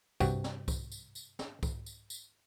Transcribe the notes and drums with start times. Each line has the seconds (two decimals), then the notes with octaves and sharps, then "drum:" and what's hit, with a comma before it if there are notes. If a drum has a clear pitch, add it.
0.20 G2 C3 F#4 G5, drum: kick C2, tambourine
0.44 drum: snare
0.68 drum: kick C2, tambourine
0.92 drum: tambourine
1.15 drum: tambourine
1.39 drum: snare
1.63 drum: kick C2, tambourine
1.86 drum: tambourine
2.10 drum: tambourine